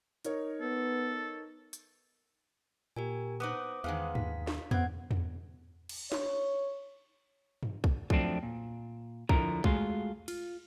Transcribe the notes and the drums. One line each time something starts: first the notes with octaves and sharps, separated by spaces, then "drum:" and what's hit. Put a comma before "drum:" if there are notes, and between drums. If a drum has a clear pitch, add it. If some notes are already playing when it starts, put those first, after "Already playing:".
D#4 A#4 C#5, drum: hi-hat
B3 A4
drum: hi-hat
A#2 G4 A#4 G#5
B3 D#4 C5 D6 D#6
E2 D#3 G#3 B3 F5
D#2 B6, drum: tom G2
drum: snare
B3 C4 F#5 D6 G#6, drum: tom E2
drum: tom E2
drum: cymbal
C#5, drum: snare
drum: tom G2
drum: kick B1
F3 F#3 A3 C4 D4, drum: kick B1
A#2
D3 F3 E4 A#4 A#5, drum: kick B1
G#3 A3 F4 F#4 G#4, drum: kick B1
F4, drum: cymbal